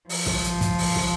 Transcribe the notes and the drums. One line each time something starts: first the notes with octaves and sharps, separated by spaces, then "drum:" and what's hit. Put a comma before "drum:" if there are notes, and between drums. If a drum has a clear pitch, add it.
F3, drum: open hi-hat
drum: snare
drum: hi-hat
drum: kick, hi-hat
drum: open hi-hat
drum: snare